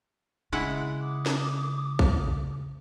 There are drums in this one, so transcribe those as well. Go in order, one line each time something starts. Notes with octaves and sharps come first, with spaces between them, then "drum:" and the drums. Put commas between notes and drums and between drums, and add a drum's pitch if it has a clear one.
C#3 G#3 E4 F#5
D6 D#6
drum: snare
drum: kick A#1